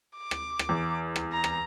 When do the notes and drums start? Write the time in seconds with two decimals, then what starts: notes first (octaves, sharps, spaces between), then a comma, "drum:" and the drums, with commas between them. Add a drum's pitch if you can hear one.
0.17 D6
0.31 drum: rim click
0.59 drum: rim click
0.69 E2
1.16 drum: rim click
1.33 A#5
1.44 drum: rim click